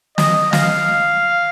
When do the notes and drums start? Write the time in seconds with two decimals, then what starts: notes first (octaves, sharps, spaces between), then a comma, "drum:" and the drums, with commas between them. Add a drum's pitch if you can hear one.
0.18 D#5, drum: snare
0.53 F5, drum: snare